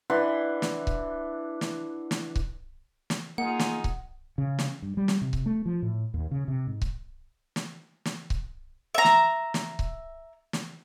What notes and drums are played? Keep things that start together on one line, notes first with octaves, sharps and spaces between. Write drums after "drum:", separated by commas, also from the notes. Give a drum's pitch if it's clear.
E3 D4 F#5 C6
drum: snare
drum: kick C#1
drum: snare
drum: snare
drum: kick C#1
drum: snare
A#3 D#4 F4 G#4 F#5
drum: snare
drum: kick C#1
C#3
drum: snare
G2
G3
drum: snare
C3
drum: kick C#1
A3
F3
A2
D#2
C#3
C3
G#2
drum: kick C#1
drum: snare
drum: snare
drum: kick C#1
E5 A#5
drum: snare
drum: snare
drum: kick C#1
drum: snare